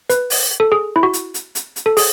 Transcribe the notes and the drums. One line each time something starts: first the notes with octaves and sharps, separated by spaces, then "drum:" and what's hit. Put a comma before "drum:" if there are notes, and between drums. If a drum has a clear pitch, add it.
B4, drum: hi-hat
drum: open hi-hat
A4
G#4
E4
F#4
drum: hi-hat
drum: hi-hat
drum: hi-hat
drum: hi-hat
A4
G#4, drum: open hi-hat